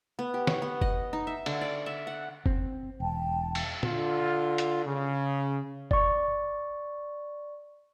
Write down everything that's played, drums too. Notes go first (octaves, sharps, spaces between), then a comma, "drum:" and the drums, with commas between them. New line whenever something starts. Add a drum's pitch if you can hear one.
B3
G4
C#5, drum: snare
B3
D#5, drum: kick F#1
D#4
E5
D3, drum: cymbal
D5
E5
F#5
C4, drum: kick F#1
E1 G5 A5
drum: cymbal
D3 F4, drum: tom
drum: hi-hat
C#3
D5 C#6, drum: kick F#1